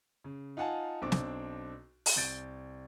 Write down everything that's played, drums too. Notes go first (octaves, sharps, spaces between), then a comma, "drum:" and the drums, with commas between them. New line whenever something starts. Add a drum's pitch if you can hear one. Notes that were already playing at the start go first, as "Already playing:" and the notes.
C#3
D#4 F4 F5 F#5 G#5 A5
B1 C4 D4 D6
drum: snare
drum: open hi-hat
C2 G6 A6 D7